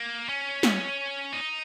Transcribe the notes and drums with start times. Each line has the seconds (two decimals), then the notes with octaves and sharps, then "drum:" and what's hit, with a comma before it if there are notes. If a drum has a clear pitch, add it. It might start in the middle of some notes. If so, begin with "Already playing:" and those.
Already playing: A#3
0.29 C#4
0.63 drum: snare
1.33 D#4